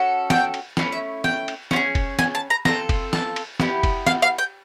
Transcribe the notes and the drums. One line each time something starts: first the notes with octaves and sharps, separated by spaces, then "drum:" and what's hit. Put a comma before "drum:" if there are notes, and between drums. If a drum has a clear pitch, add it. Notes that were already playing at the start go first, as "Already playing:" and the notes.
Already playing: C#4 F#4 A4
G5, drum: snare
drum: cymbal
A3 C#4 E4 F5, drum: snare
E5
G5, drum: snare
drum: cymbal
C#4 F4, drum: snare
G#4
drum: kick, cymbal
G#5, drum: snare
A5
A#5
C4 F4 A4 A#5, drum: snare
drum: kick, cymbal
A5, drum: snare
drum: cymbal
B3 E4 G4, drum: snare
drum: kick, cymbal
F5, drum: snare
F5
G5